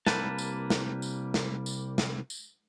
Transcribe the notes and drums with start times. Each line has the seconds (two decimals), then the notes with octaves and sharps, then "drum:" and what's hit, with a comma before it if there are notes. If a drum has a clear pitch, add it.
0.07 C2 G3 A#3 B4 G5 A5, drum: snare
0.38 drum: tambourine
0.70 drum: snare
1.02 drum: tambourine
1.34 drum: snare
1.66 drum: tambourine
1.98 drum: snare
2.30 drum: tambourine